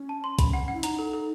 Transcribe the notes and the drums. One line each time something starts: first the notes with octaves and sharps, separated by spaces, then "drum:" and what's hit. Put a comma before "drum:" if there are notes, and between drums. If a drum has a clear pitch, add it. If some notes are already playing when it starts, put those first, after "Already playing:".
Already playing: C#4
A5
C6
B5, drum: kick, hi-hat
F#5
F#5
E4
D#4 A#5, drum: hi-hat
A4
A4